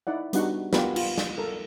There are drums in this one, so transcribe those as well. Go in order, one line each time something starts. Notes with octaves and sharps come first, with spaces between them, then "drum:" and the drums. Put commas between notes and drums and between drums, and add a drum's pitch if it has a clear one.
D#4 E4 D5 F#5
G3 B3 D4 D#4 F#4 F#5, drum: hi-hat
B3 F4 G4 A#4 B4, drum: snare
F4, drum: cymbal
drum: snare
A4 A#4